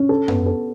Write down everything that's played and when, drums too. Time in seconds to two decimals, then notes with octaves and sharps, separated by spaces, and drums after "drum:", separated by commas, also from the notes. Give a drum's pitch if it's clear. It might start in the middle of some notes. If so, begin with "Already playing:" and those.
Already playing: C#4
0.09 A4
0.28 B3, drum: tom F#2
0.46 A4